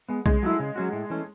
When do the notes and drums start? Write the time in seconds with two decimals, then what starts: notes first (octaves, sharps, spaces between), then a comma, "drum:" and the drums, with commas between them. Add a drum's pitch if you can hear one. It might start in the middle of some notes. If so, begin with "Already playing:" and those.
0.09 G#3 B3
0.26 C#3 G#3, drum: kick B1
0.43 F#3 A3 E4
0.60 C#3
0.76 F#3 C#4 F#4
0.93 A2
1.10 E3 A3 C#4